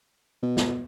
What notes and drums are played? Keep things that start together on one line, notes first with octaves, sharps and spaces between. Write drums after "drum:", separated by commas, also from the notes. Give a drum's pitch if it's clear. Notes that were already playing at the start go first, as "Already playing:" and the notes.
B2
drum: snare